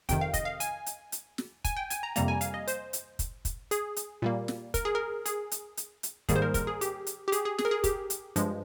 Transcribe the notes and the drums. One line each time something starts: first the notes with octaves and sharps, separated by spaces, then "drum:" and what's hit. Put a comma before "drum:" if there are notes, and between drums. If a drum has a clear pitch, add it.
F2 C3 D#3 G5, drum: kick, hi-hat
F5
D#5, drum: kick, hi-hat
F5
G#5, drum: hi-hat
drum: hi-hat
drum: hi-hat
drum: snare
G#5, drum: kick, hi-hat
G5
G#5, drum: hi-hat
A#5
F2 C3 G3 A#3 A#5, drum: hi-hat
G#5
F5, drum: hi-hat
D#5
C5, drum: hi-hat
drum: hi-hat
drum: kick, hi-hat
drum: kick, hi-hat
G#4, drum: hi-hat
drum: hi-hat
A#2 G3 A#3
drum: snare
A#4, drum: kick, hi-hat
G#4
A#4
G#4, drum: hi-hat
drum: hi-hat
drum: hi-hat
drum: hi-hat
G#2 D#3 G3 A#3 G#4, drum: kick, hi-hat
C5
A#4
A#4, drum: kick, hi-hat
G#4
G4, drum: hi-hat
drum: hi-hat
G4
G#4, drum: hi-hat
G#4
G#4, drum: snare
A#4
G#4
G4, drum: kick, hi-hat
drum: hi-hat
G2 F3 G#3, drum: hi-hat